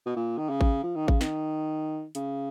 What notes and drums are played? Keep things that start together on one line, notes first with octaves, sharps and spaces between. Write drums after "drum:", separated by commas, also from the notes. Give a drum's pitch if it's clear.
B2
A#2
D#3
C#3
drum: kick A1
F3
D#3
C#3, drum: kick A1
D#3, drum: snare
C#3, drum: hi-hat